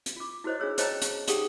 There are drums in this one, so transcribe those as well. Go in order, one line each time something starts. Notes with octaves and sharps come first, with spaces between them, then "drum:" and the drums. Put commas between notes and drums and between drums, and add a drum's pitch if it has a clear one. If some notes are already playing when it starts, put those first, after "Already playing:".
drum: hi-hat
F4 D6
E4 F#4 A4 C5 C#5 D#5
D4 F4 G#4 C#5 E6
C5 C#5 D#5 G5 A5 A#5, drum: hi-hat
drum: hi-hat
D#4 G4 G#4 F#5 G5 D#6, drum: hi-hat